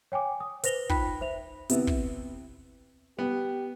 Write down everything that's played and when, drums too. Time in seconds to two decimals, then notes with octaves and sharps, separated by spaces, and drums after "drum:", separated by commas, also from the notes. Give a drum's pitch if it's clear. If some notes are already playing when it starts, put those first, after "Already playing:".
0.12 C#5 G5 G#5 D6
0.40 D#6
0.64 B4 C5 A#6 F7 G7, drum: hi-hat
0.89 D#4 F4 G5 B5 F#6 B6, drum: kick
1.21 C5 E5 F7
1.69 C3 B3 E4, drum: hi-hat
1.87 drum: kick
3.19 B3 G4